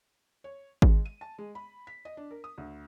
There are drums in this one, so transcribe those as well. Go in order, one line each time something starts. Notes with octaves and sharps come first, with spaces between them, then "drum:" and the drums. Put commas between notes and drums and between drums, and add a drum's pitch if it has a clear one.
C#5
G#3, drum: kick G#1
D#7
A5
G#3
B5
B6
D#5
D4
A#4
D#6
D2